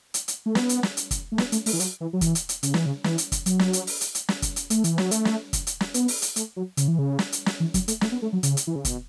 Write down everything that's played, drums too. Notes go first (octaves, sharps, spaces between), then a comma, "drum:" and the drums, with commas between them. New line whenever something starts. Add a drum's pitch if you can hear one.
drum: hi-hat
drum: hi-hat
A3
B3, drum: snare
drum: hi-hat
drum: snare
drum: hi-hat
drum: kick, hi-hat
A3
B3, drum: snare
A3, drum: hi-hat
A3, drum: open hi-hat
E3
F#3, drum: hi-hat
E3
F#3
E3, drum: kick, hi-hat
drum: hi-hat
drum: hi-hat
C#3, drum: hi-hat
E3, drum: snare
C#3
E3, drum: snare
drum: hi-hat
drum: kick, hi-hat
F#3, drum: hi-hat
drum: snare
drum: hi-hat
drum: open hi-hat
drum: hi-hat
drum: hi-hat
drum: snare
drum: kick, hi-hat
drum: hi-hat
A3, drum: hi-hat
E3, drum: hi-hat
F#3, drum: snare
A3, drum: hi-hat
drum: snare
drum: kick, hi-hat
drum: hi-hat
drum: snare
B3, drum: hi-hat
drum: open hi-hat
drum: hi-hat
A3, drum: hi-hat
F#3
C#3, drum: hi-hat
E3
C#3
drum: snare
drum: hi-hat
drum: snare
E3
F#3, drum: kick, hi-hat
A3, drum: hi-hat
A3, drum: snare
B3
A3
F#3
C#3, drum: hi-hat
drum: hi-hat
E3
C#3
B2, drum: kick, hi-hat